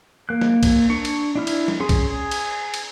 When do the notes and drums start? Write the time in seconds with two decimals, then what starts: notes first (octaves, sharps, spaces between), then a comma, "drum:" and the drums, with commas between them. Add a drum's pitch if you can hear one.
0.29 A#3 F#6
0.41 drum: snare
0.63 drum: kick, cymbal
0.90 D4 C#6
1.05 drum: cymbal
1.36 D4 E4 F6
1.47 drum: cymbal
1.68 drum: snare
1.80 C#4 G#4 C6
1.89 drum: kick, cymbal
2.10 G#4
2.31 drum: cymbal
2.74 drum: cymbal